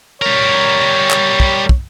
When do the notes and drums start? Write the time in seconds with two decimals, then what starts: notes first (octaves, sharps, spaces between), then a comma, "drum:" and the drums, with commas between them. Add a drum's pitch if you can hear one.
0.22 G3 A#4 C#5
1.10 drum: clap
1.40 drum: kick
1.69 drum: kick